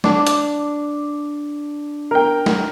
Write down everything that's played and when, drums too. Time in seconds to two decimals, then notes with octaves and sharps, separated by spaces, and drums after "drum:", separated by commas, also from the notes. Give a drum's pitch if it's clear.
0.04 D4, drum: snare
0.27 drum: hi-hat
2.11 A#4 G5
2.46 drum: snare